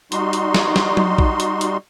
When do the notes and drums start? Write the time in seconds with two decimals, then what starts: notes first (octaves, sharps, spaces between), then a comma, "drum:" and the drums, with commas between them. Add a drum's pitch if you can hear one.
0.12 G3 D#4 F#4 C6, drum: hi-hat
0.33 drum: hi-hat
0.54 drum: snare
0.76 drum: snare
0.97 drum: tom F#3
1.18 drum: kick A#1
1.40 drum: hi-hat
1.61 drum: hi-hat